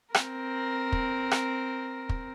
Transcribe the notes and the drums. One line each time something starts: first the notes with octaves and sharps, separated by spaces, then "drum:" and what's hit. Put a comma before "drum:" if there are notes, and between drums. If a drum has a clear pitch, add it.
C4 A#4, drum: rim click
drum: kick
drum: rim click
drum: kick